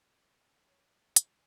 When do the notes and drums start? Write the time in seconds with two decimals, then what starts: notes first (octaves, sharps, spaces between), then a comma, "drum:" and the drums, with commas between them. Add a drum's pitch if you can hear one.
0.09 A3
0.52 E3
0.67 C#5
0.90 D3
1.16 drum: hi-hat
1.26 F2